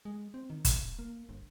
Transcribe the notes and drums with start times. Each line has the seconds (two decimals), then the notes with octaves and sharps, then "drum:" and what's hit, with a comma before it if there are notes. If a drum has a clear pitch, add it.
0.05 G#3
0.34 C4
0.50 D#3
0.65 drum: kick, hi-hat
0.81 D#1
0.99 A#3
1.29 G1